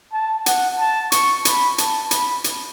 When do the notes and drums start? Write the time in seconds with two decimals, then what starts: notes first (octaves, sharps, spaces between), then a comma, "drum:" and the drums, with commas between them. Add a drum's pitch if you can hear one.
0.13 A5
0.46 F#5, drum: hi-hat
0.79 A5
1.12 C#6, drum: hi-hat
1.45 B5, drum: hi-hat
1.78 A5, drum: hi-hat
2.11 B5, drum: hi-hat
2.44 drum: hi-hat